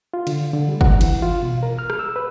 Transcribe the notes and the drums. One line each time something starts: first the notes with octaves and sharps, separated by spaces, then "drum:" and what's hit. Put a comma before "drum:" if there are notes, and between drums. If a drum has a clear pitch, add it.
F4
D3, drum: cymbal
D3
G3
F#5, drum: kick
E3, drum: cymbal
F4
B2
A#4
F6
drum: rim click
E6
B4